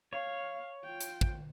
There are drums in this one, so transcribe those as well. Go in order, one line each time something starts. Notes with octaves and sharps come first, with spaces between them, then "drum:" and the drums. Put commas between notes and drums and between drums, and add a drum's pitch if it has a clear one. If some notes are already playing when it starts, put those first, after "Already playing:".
C#5 F5
F4 G5
drum: hi-hat
drum: kick